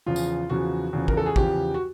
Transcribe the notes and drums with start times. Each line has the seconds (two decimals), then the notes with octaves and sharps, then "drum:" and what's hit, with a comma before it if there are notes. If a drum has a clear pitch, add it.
0.06 E2 C#3 F3 F4
0.16 drum: tambourine
0.50 E2 C#3 F3 F#4
0.93 E2 C#3 F3
1.08 A#4, drum: kick
1.17 A4
1.26 G#4
1.36 E2 C#3 F3 G4, drum: kick
1.74 F#4